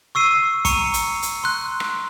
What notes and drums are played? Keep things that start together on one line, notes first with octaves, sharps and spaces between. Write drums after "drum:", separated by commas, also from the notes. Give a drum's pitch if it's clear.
C#6 E6 C7 D#7
A#5 C#6 C#7 D#7, drum: kick, hi-hat
drum: hi-hat
drum: hi-hat
C6 F#6
drum: rim click